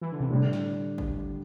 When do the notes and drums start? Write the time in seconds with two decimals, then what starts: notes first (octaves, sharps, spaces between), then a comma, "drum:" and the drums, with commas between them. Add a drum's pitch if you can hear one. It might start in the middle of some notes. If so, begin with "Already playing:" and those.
0.01 E3
0.12 D3
0.20 C3
0.30 A2 D3 G3 D4 G4
0.53 drum: snare
0.98 drum: kick G#1